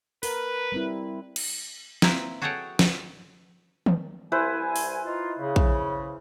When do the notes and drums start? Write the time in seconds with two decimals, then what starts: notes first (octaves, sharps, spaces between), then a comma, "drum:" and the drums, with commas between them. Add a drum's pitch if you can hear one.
0.23 A#4 B4, drum: open hi-hat
0.72 G3 C4 E4
1.36 drum: cymbal
2.02 A#3 C4 E4 A#4 B4, drum: snare
2.42 F#4 G#4 A4 C#5 F#5 G5
2.79 drum: snare
3.86 drum: tom D#3
4.32 C2 E4 B4 C5 G#5
4.76 drum: open hi-hat
5.05 D#4 F4
5.38 C#3
5.56 drum: kick A#1